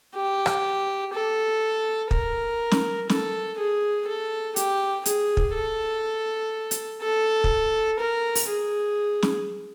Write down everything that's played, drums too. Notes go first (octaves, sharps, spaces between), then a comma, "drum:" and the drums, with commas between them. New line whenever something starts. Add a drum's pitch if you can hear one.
G4
drum: rim click
A4
A#4, drum: kick
drum: snare
A4, drum: snare
G#4
A4
G4, drum: hi-hat
G#4, drum: hi-hat
drum: kick
A4
drum: hi-hat
A4
drum: kick
A#4
drum: open hi-hat
G#4
drum: snare